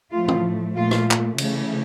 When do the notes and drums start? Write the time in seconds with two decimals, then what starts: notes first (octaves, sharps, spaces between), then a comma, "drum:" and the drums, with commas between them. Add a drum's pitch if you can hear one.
0.11 A2 F3 A3 F4
0.28 drum: tom E3
0.75 A#2 A3 F4
0.91 drum: rim click
1.11 drum: clap
1.38 C#3 E3 A3, drum: cymbal